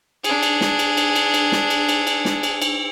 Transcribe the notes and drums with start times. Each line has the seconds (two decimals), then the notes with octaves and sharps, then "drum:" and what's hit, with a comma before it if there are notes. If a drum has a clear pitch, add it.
0.24 D4 G#4, drum: cymbal
0.43 drum: cymbal
0.61 drum: snare
0.79 drum: cymbal
0.97 drum: cymbal
1.16 drum: cymbal
1.34 drum: cymbal
1.52 drum: snare
1.70 drum: cymbal
1.89 drum: cymbal
2.07 drum: cymbal
2.25 drum: snare
2.43 drum: cymbal
2.62 drum: cymbal